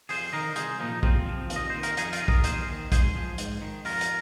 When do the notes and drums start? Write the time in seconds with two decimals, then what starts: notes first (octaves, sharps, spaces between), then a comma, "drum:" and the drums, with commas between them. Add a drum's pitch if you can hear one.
0.09 F2 G#4 C5, drum: open hi-hat
0.33 D#3 A#4 D#5
0.56 C2 G#4 C5, drum: hi-hat
0.80 A#2 F3 A#3 D#4
1.03 C2 C4 F4, drum: kick A#1
1.27 C3 F3
1.50 D#2, drum: hi-hat
1.56 D#5
1.70 D#3 C5
1.83 A#4, drum: hi-hat
1.97 F2 D#4 G#4, drum: hi-hat
2.13 F4 A#4, drum: hi-hat
2.20 C3 D#3
2.28 A#4 D#5, drum: kick A#1
2.44 D#2 G#4 C5, drum: hi-hat
2.68 D#3
2.92 G#2 G#4 C5, drum: kick A#1, hi-hat
3.15 F3
3.38 G#2, drum: hi-hat
3.61 D#3
3.85 F2 F4 A#4, drum: open hi-hat
4.01 drum: hi-hat